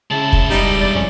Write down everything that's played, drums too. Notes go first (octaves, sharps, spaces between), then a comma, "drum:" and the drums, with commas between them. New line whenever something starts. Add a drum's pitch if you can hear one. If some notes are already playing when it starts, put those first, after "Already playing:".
C#3 G#3 E4 A5
drum: kick
E1 G3 D#4
D5
F2 C#4